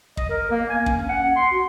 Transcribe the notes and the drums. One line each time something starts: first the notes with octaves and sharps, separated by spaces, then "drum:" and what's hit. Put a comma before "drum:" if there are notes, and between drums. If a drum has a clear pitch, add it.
D#5, drum: kick
A#4
A#3
G#5
C#4, drum: kick
F#5
C6
F#4